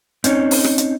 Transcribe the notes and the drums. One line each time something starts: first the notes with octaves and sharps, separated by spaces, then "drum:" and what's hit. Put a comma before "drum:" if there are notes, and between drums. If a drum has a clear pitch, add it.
C4 C#4 D#4 C#5, drum: hi-hat
drum: open hi-hat
drum: rim click
drum: hi-hat